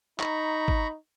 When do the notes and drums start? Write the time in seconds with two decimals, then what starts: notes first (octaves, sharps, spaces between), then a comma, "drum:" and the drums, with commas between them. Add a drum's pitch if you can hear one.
0.20 D#4 A#5 B5 C#6, drum: clap
0.68 drum: kick